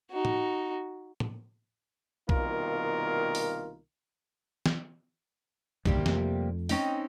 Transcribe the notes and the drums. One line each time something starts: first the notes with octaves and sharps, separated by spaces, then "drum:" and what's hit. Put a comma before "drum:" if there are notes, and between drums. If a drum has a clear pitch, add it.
D#4 F#4
drum: tom A2
drum: tom A2
C2 B2 D#3 A#3 F4 A#4, drum: kick B1
drum: open hi-hat
drum: snare
D2 G2 C3 D#3 G3 A#3, drum: kick B1
F2 A3, drum: snare
C4 C#4 D#4, drum: open hi-hat